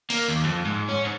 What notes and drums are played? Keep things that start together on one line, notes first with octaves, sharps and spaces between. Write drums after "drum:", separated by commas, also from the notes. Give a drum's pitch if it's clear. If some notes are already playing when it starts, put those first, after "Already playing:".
A#3, drum: open hi-hat
D#2
F2
G#2
C#4
G#2